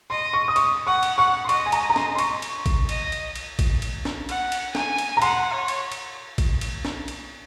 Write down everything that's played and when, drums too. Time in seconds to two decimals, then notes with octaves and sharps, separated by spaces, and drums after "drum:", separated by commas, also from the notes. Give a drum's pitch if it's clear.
0.10 D#5 C6
0.33 C#6
0.48 D#6
0.56 C#6, drum: cymbal
0.87 F#5 C#6
1.03 drum: cymbal
1.18 F#5 C#6
1.45 C6
1.49 D#5 C#6, drum: cymbal
1.66 G#5
1.72 A#5, drum: cymbal
1.90 A#5
1.96 C6, drum: snare
2.15 C6
2.18 C#6, drum: cymbal
2.42 drum: cymbal
2.66 drum: kick A1, cymbal
2.89 D#5, drum: cymbal
3.12 drum: cymbal
3.35 drum: cymbal
3.59 drum: kick A1, cymbal
3.82 drum: cymbal
4.05 drum: snare
4.29 F#5, drum: cymbal
4.52 drum: cymbal
4.75 G#5, drum: snare
4.98 drum: cymbal
5.17 A#5
5.22 F#5 C6, drum: cymbal
5.53 C#5
5.68 drum: cymbal
5.92 drum: cymbal
6.38 drum: kick A1, cymbal
6.61 drum: cymbal
6.85 drum: snare
7.08 drum: cymbal